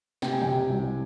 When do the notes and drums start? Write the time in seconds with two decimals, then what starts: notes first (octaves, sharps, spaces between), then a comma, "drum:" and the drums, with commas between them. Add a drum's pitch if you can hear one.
0.22 C3 G5, drum: snare
0.32 G#5
0.42 C3 G5, drum: tom
0.70 C2